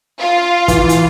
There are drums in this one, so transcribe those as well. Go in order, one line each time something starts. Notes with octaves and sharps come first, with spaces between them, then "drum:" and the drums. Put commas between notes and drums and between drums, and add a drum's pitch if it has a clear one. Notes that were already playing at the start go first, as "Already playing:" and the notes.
F4
E3, drum: kick, hi-hat
drum: hi-hat